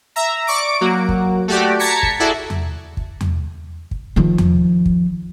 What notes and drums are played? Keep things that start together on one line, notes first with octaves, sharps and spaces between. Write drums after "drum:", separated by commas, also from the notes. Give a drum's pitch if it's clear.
E5 A#5
D5 C#6 D6 D7
F#3 A#3 F#4
drum: kick
A3 F#4 G4 D5
A5 A#5 G#6 B6 C#7
drum: kick
E4 F#4 G#4 A4 D5 E5
drum: tom E2
drum: kick
drum: tom E2
drum: kick
D#3 F3
drum: tom E2
drum: kick